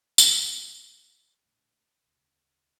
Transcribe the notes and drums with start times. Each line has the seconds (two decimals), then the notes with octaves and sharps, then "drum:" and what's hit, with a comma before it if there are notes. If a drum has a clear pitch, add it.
0.18 F2 F#3, drum: tambourine
1.43 D#1 A2 D3
2.04 E1 D2 C#3